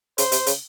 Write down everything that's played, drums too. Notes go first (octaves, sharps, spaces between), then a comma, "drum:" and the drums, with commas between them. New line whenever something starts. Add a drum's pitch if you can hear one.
C#3 C5, drum: hi-hat
C3, drum: hi-hat
C#3, drum: hi-hat